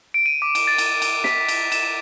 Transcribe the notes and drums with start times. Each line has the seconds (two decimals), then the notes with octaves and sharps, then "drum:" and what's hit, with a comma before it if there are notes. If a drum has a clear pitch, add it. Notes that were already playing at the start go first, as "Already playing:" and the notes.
0.14 D7
0.26 D#7
0.42 D6
0.55 drum: cymbal
0.67 A6
0.78 drum: cymbal
1.02 drum: cymbal
1.24 B6, drum: snare
1.48 drum: cymbal
1.72 E7, drum: cymbal